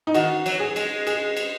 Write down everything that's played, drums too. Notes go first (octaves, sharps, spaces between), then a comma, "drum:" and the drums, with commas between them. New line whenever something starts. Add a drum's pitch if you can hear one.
D#4
D#3 F#4, drum: cymbal
F#3, drum: cymbal
G#4
G#3, drum: cymbal
G#4, drum: cymbal
drum: cymbal